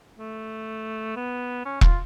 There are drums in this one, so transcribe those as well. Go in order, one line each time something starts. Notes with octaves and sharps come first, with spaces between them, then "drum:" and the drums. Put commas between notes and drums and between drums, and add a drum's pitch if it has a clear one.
A3
B3
C#4
F4, drum: kick E1